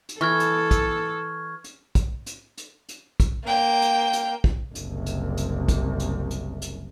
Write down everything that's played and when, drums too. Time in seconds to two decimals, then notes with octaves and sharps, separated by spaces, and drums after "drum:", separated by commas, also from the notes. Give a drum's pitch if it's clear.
0.09 drum: hi-hat
0.21 E3 A4 C#6 F6 G#6
0.40 drum: hi-hat
0.71 drum: kick, hi-hat
1.64 drum: hi-hat
1.95 drum: kick, hi-hat
2.26 drum: hi-hat
2.57 drum: hi-hat
2.89 drum: hi-hat
3.20 drum: kick, hi-hat
3.45 A#3 G5
3.82 drum: hi-hat
4.13 drum: hi-hat
4.44 drum: kick
4.75 F#1 C2, drum: hi-hat
5.06 drum: hi-hat
5.37 drum: hi-hat
5.68 drum: kick, hi-hat
5.99 drum: hi-hat
6.31 drum: hi-hat
6.62 drum: hi-hat